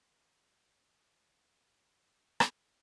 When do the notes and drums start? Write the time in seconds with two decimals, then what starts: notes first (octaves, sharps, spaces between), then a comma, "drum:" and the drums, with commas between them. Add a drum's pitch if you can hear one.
0.15 F#2
0.67 D#3
1.21 E3
2.02 F3
2.40 drum: rim click